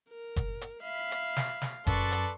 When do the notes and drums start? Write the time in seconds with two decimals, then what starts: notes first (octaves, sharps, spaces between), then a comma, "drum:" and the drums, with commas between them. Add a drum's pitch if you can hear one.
0.10 A#4
0.36 drum: kick F#1, hi-hat
0.61 drum: hi-hat
0.83 E5 F5 B5
1.11 drum: hi-hat
1.37 drum: snare
1.62 drum: snare
1.87 F#2 A4 B4 D5 C6 C#6, drum: kick F#1, hi-hat
2.12 drum: hi-hat